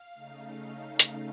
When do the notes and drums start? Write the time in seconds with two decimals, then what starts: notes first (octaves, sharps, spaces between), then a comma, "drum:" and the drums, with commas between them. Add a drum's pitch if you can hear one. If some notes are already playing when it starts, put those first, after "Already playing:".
Already playing: F5
0.14 C#3 A3 D#4
0.99 drum: hi-hat